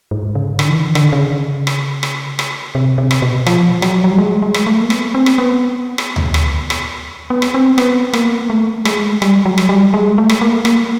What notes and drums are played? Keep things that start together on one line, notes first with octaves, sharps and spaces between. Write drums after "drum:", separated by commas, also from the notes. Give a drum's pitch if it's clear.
G#2
C#3
D3, drum: rim click
E3
D#3
D3, drum: rim click
C#3
drum: rim click
drum: rim click
drum: rim click
C3
C3
drum: rim click
B2
F3, drum: rim click
F#3, drum: rim click
F#3
G3
G#3
G#3
drum: rim click
A3
A#3
B3, drum: rim click
C4
drum: rim click
B3
drum: rim click
drum: tom D2
drum: rim click
drum: rim click
B3
drum: rim click
C4
B3, drum: rim click
A#3, drum: rim click
A3
G#3, drum: rim click
G3, drum: rim click
F#3
drum: rim click
G3
G#3
A3
drum: rim click
A#3
A#3, drum: rim click